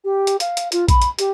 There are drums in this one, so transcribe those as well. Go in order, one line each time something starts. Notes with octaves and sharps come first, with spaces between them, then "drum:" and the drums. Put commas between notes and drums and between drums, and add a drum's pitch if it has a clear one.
G4
drum: hi-hat
F5, drum: hi-hat
drum: hi-hat
F4, drum: hi-hat
B5, drum: kick A#1, hi-hat
drum: hi-hat
G4, drum: hi-hat